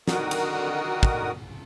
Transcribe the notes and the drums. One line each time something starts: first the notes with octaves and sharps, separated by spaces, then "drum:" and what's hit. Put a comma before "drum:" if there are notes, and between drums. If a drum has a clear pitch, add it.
D3 D#3 F#4 A#4 D#6, drum: snare
drum: cymbal
drum: kick